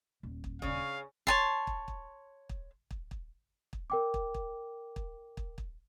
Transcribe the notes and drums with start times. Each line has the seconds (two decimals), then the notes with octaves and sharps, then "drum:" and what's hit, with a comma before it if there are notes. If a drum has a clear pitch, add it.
0.23 D#1
0.44 drum: kick
0.62 C#3 C#4 F5, drum: kick
1.27 C#5 A5 C6, drum: kick
1.67 drum: kick
1.88 drum: kick
2.49 drum: kick
2.91 drum: kick
3.11 drum: kick
3.73 drum: kick
3.90 A#4 G5 D6
4.14 drum: kick
4.34 drum: kick
4.96 drum: kick
5.37 drum: kick
5.58 drum: kick